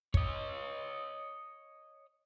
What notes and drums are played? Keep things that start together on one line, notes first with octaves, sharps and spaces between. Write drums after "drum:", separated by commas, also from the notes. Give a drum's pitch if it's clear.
C#5 D#5, drum: kick